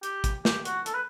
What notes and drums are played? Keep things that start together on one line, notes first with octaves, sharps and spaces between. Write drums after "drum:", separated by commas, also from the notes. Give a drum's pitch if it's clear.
G4, drum: hi-hat
drum: kick G#1, hi-hat
G4, drum: snare
F#4, drum: hi-hat
A4, drum: hi-hat
B4